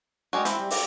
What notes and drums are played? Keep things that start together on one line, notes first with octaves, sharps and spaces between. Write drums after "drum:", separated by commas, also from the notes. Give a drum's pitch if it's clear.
G3 G#3 F#4
C4 E4, drum: hi-hat
G3
D5, drum: open hi-hat